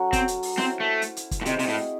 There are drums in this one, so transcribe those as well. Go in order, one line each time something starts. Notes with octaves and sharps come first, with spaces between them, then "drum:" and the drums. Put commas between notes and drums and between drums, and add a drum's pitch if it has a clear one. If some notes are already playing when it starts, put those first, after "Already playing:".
Already playing: F#3 C#4 F#4 A4
C4, drum: kick, hi-hat
drum: hi-hat
drum: open hi-hat
C4 C#4 E4 C5, drum: snare
A3
drum: hi-hat
drum: hi-hat
drum: kick, hi-hat
A2
C3 C4 E4 G#4 D#5, drum: hi-hat
C3, drum: open hi-hat
A2